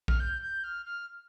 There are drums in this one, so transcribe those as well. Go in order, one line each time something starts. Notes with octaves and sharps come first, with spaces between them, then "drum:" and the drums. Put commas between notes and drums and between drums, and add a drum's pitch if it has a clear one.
F6, drum: kick A#1
G6
G6
F6
F6